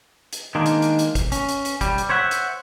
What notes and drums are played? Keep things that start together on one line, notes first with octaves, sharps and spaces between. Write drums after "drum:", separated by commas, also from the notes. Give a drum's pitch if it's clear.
drum: hi-hat
D#3 G#3 A#3 D4
drum: hi-hat
drum: hi-hat
drum: hi-hat
drum: kick, hi-hat
C#4, drum: hi-hat
drum: hi-hat
drum: hi-hat
G3, drum: kick, hi-hat
drum: hi-hat
C5 C#5 E5 F#5
drum: hi-hat